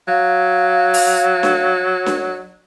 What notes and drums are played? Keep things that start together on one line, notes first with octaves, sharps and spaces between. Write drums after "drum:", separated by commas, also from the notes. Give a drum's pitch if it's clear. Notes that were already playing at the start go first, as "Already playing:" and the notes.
F#3 F5
drum: open hi-hat
drum: snare D4
drum: snare D4